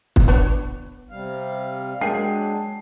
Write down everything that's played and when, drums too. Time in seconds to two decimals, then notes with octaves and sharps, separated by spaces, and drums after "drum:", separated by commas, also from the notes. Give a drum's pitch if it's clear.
0.16 drum: kick
0.28 B3 D4 C#5
1.10 C3 G3 F5
2.01 F#3 G#3 A#3 D4 G5 G#5 C7